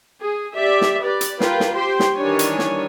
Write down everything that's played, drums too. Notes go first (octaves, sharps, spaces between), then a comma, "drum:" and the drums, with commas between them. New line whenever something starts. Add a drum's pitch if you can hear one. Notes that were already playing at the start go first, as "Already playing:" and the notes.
G#4
G4 D5 E5
drum: snare
G4 B4 D5
drum: hi-hat
F4 G4 A#4 B4 G5, drum: snare
drum: snare
G4 C5 G5 C6
drum: snare
D#3 E3 G3 D4 C#5 G#5
drum: hi-hat
drum: snare